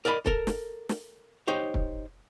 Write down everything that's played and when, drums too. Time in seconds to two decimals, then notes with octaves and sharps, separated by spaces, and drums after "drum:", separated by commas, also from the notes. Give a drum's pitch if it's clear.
0.05 A#4 D5 D#5 A#5 B5
0.26 A4 A#4, drum: kick
0.47 drum: snare
0.89 drum: snare
1.47 D#4 G4 C5 C#5
1.74 drum: kick